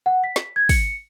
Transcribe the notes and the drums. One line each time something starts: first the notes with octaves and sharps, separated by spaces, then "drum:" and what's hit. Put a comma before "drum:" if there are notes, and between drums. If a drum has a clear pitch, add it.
F#5
B6
drum: snare
G#6
C#7, drum: kick, open hi-hat